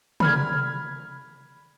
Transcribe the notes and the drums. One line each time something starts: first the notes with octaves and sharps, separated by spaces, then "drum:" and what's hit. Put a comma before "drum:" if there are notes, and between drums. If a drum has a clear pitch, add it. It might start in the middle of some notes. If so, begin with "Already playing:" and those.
B5 F6 G#6, drum: tom